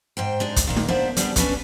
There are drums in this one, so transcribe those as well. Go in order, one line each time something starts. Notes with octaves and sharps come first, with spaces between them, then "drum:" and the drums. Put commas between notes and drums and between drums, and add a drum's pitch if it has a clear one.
G#2 C5 G5
G#3 D4 D#4
drum: kick, hi-hat
A#2 D#3 A#3
drum: snare D#4
A#3 B3 D4 E4 C5 E5
G3 B3 D4 G#4, drum: hi-hat
C#4 D4 A#4 B4 C#5, drum: kick, hi-hat